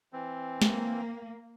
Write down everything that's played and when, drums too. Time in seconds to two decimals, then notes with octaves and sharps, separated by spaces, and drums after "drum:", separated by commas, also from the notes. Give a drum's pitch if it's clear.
0.13 E3 C4
0.62 A#3, drum: snare